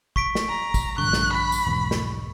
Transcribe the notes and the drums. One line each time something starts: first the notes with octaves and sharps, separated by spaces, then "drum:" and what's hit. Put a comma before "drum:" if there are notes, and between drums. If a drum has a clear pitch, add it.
C#6 B6 D7, drum: kick
drum: snare
A#5
drum: kick, tambourine
A#1 G2 D3 C#6 F#6
drum: snare
B5
drum: tambourine
B1 E2 G#2
drum: snare